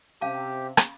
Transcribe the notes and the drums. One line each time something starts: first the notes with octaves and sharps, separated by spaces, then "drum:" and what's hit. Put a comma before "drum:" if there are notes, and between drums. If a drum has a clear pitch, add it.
C3 C#4 G4 F5 A5
drum: rim click